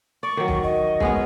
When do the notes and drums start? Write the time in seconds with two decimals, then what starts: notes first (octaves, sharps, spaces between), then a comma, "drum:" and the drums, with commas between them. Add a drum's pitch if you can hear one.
0.23 D5 C#6
0.37 D#3 F#3
0.48 drum: kick
0.63 D#5
1.00 G#3 B3 C#4, drum: kick